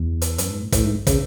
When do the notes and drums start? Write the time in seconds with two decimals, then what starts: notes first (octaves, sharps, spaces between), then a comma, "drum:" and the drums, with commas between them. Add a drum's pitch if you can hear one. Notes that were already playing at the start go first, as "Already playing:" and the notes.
Already playing: E2
0.22 drum: hi-hat
0.38 F#2, drum: hi-hat
0.50 G#2
0.61 A2
0.72 A2, drum: kick, hi-hat
0.84 G#2
1.07 C#3, drum: kick, hi-hat